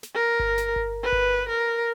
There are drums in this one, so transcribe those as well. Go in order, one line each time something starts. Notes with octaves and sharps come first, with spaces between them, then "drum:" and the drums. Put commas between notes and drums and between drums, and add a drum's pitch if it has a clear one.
drum: snare
A#4
drum: kick G1
drum: snare
drum: kick G1
B4
drum: kick G1
A#4